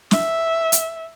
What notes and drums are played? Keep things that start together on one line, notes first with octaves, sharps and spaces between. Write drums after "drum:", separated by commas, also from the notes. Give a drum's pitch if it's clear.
E5, drum: snare
drum: hi-hat